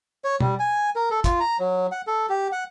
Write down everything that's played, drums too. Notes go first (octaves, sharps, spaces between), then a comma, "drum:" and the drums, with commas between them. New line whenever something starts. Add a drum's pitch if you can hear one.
C#5
G3, drum: tom B2
G#5
A#4
A4
F4, drum: kick, hi-hat
A#5
F#3
F#5
A4
G4
F#5